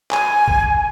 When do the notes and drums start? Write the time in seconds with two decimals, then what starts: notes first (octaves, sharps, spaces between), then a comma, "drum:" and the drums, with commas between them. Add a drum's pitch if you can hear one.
0.11 G#5, drum: clap
0.48 drum: kick